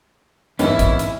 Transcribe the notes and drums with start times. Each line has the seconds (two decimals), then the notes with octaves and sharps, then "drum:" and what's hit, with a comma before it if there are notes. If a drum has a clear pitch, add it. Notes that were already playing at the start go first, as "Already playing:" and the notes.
0.59 G#1 E2 C#4 D#4 E4 B4, drum: hi-hat
0.79 drum: kick, hi-hat
0.99 drum: hi-hat